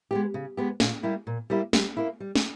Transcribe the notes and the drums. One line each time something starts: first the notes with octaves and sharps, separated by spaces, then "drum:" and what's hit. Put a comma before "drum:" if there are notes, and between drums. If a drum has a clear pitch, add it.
G#3 B3 G4
C#3
G#3 B3 G4
A#2, drum: snare
G3 A#3 E4 G4
A#2
G3 A#3 E4 G4
G3, drum: snare
A#3 E4
G3
drum: snare